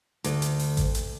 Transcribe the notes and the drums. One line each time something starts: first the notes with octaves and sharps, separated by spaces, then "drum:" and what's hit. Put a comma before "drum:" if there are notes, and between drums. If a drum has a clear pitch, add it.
D2, drum: hi-hat
drum: hi-hat
drum: open hi-hat
drum: kick G#1, hi-hat
drum: hi-hat